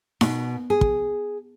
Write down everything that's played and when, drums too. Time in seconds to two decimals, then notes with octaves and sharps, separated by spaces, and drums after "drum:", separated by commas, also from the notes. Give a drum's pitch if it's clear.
0.21 B2, drum: snare D#4
0.70 G#4
0.81 drum: kick